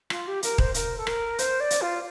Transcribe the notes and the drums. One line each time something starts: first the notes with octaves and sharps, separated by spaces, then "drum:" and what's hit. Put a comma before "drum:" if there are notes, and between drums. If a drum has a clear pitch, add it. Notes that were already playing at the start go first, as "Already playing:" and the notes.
F4, drum: rim click
G4
A#4, drum: hi-hat
C5, drum: kick D#1
A#4, drum: hi-hat
A4
A#4, drum: rim click
C5, drum: hi-hat
D5
drum: hi-hat
F4